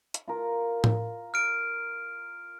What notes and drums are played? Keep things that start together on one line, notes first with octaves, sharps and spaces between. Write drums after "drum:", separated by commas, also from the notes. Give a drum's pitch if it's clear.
drum: hi-hat
F4 A#4
drum: tom A2
F6 D7